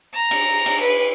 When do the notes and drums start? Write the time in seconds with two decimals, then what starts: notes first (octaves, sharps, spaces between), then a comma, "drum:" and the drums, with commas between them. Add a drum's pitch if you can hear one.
0.14 A#5
0.31 drum: cymbal
0.66 drum: cymbal
0.80 B4